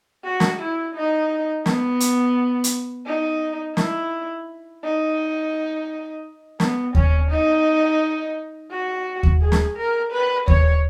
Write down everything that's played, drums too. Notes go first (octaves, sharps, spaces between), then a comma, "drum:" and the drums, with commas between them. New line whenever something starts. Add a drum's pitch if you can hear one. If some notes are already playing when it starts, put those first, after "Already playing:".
F#4
drum: snare
E4
D#4
B3, drum: snare
drum: hi-hat
drum: hi-hat
D#4
E4, drum: snare
D#4
B3, drum: snare
C#4, drum: kick D#2
D#4
F#4
drum: kick D#2
G#4
drum: snare
A#4
B4
C#5, drum: kick D#2